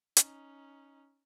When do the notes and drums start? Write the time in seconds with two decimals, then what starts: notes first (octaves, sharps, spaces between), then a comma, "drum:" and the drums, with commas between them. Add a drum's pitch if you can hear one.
0.17 C#4 D#4, drum: hi-hat